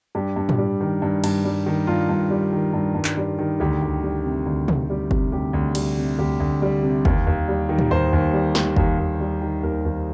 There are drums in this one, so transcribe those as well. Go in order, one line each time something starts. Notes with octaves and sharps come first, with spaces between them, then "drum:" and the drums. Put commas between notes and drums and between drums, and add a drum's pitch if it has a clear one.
G2 G4
G2
drum: tom A2
G3
D#3
G2
G2, drum: cymbal
G3
D#3
G2 F4
G2
G3
D#3
G2
G2
drum: clap
G3
D#3
D2 G4
D2
G3
C3
D2
D2, drum: tom
G3
C3, drum: kick F#1
D2 G4
D2
G3, drum: cymbal
C3
D2 G4
D2
G3
C3
D#2, drum: kick F#1
D#2
G3
D#3
drum: tom A2
D#2 C5
D#2
G3
D#3, drum: snare
D#2, drum: kick F#1
D#2
G3
D#3
D#2 A#4
D#2